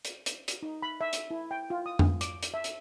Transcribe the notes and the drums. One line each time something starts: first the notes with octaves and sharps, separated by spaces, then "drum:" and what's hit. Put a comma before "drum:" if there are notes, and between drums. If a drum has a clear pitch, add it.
drum: hi-hat
drum: hi-hat
drum: hi-hat
D#4
B5
E5
drum: hi-hat
E4
G5
F4
D#6
drum: tom F2
D6, drum: hi-hat
drum: hi-hat
E5
drum: hi-hat